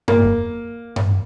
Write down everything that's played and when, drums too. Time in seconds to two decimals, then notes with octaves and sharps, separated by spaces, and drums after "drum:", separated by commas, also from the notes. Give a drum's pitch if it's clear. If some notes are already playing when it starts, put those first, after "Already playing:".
0.08 A#3, drum: tom G2
0.24 drum: kick F2
0.96 drum: tom G2